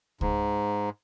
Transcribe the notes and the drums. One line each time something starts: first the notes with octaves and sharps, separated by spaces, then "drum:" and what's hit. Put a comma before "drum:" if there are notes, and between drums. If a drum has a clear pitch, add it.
G#2, drum: kick C#2